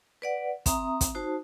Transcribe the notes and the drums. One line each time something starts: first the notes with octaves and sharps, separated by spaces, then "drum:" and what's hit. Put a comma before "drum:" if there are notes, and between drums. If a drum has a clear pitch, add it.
B4 D5 F#5
C4 E5 A#5 D#6, drum: kick, hi-hat
drum: kick, hi-hat
D#4 F#4 C5 A5